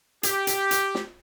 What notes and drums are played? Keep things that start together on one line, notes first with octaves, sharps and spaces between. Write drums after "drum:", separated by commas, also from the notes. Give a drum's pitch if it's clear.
G4, drum: hi-hat
drum: hi-hat
drum: hi-hat
drum: snare